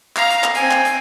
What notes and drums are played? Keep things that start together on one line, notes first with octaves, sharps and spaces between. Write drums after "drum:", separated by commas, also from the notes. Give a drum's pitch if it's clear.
F5 A#5, drum: clap
drum: hi-hat
drum: clap
C4 G#5, drum: hi-hat
drum: clap
drum: hi-hat